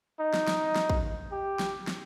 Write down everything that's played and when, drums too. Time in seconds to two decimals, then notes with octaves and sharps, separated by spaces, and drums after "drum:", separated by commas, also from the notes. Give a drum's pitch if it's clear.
0.20 D#4
0.34 drum: snare
0.48 drum: snare
0.76 drum: snare
0.90 drum: kick
1.32 G4
1.59 drum: snare
1.87 drum: snare